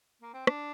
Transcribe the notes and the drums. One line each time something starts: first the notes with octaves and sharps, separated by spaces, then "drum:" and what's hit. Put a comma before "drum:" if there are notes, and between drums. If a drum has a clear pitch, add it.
A#3
C4
D4, drum: rim click